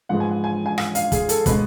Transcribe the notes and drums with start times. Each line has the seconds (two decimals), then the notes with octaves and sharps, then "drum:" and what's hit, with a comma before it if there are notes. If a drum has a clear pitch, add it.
0.09 G#2 F3 G#3 B3 F#5
0.20 G#5
0.31 F#5
0.44 G#5
0.66 G#5
0.78 F#5, drum: rim click
0.95 F5, drum: hi-hat
1.12 G#4, drum: kick, hi-hat
1.29 A4, drum: hi-hat
1.46 B2 G#3 B3 B4, drum: kick, hi-hat